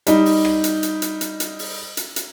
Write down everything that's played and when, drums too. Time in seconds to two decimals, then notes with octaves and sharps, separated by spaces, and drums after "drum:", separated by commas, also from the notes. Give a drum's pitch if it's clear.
0.07 G3 D#4, drum: hi-hat
0.26 drum: open hi-hat
0.45 drum: rim click
0.64 drum: hi-hat
0.83 drum: hi-hat
1.02 drum: hi-hat
1.21 drum: hi-hat
1.40 drum: hi-hat
1.59 drum: open hi-hat
1.97 drum: hi-hat
2.16 drum: hi-hat